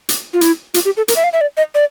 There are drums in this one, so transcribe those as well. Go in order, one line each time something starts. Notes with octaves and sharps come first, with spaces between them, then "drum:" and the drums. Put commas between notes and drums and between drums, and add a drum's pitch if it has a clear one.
drum: hi-hat
F4
E4, drum: hi-hat
F4, drum: hi-hat
G4
A4
A#4, drum: hi-hat
E5
F5
E5
D5
D#5
D5